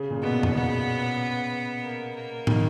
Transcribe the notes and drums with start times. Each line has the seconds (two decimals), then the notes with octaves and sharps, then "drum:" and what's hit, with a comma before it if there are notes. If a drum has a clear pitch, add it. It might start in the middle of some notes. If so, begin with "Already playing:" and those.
Already playing: C#3
0.11 A#2
0.22 B2 B3
0.43 drum: tom F#2
0.54 C#3 B3
1.83 A#3
2.15 A#3
2.47 D#3, drum: tom